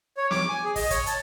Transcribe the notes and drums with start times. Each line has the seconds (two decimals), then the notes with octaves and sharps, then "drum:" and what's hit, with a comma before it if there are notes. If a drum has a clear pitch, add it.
0.17 C#5
0.31 D6, drum: snare
0.49 G#5
0.64 G#4
0.76 D#5, drum: kick, open hi-hat
0.90 C#5, drum: kick, hi-hat
1.06 A5, drum: hi-hat